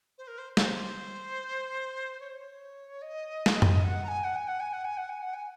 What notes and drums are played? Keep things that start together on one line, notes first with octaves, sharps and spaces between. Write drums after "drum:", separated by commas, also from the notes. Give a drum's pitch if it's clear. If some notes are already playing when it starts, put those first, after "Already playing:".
C5
A#4
C5
C#5, drum: snare
C5
C#5
C5
C#5
D#5
drum: snare
drum: tom F#2
F#5
A#5
G#5
F#5
G#5
F#5
G#5
F#5
G#5
F#5
G#5
F#5
G#5